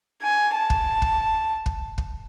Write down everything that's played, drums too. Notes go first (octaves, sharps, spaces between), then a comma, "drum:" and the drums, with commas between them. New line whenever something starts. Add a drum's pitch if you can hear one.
G#5
A5
drum: kick
drum: kick
drum: kick
drum: kick